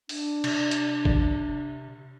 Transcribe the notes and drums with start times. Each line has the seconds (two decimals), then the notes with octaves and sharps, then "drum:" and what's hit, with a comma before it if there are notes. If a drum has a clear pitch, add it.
0.09 D4, drum: open hi-hat
0.44 C3, drum: cymbal
0.71 drum: hi-hat
1.05 drum: kick